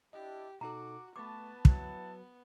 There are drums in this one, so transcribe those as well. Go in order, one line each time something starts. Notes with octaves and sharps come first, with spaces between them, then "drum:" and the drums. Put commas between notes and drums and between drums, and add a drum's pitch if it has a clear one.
D4 E4 G4 D#5
B2 D#4 F#4 A4 A#5 D6
A3 B3 B4 A5 C#6 D6
F#3 E4 F#4 B4 F#5 A5, drum: kick